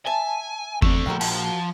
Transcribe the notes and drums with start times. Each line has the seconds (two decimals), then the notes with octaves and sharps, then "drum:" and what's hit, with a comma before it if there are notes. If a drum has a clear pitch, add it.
0.07 E5 G#5 A5
0.82 E2 D3 A3 C4, drum: kick F#1
1.06 A#1 F#4 A#4 G5
1.21 F3, drum: cymbal